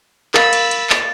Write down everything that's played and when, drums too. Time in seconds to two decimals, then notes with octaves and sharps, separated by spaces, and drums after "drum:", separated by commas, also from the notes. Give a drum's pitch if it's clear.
0.34 A#4 F5 B5 E6 A6, drum: clap
0.53 drum: cymbal
0.71 drum: cymbal
0.90 drum: clap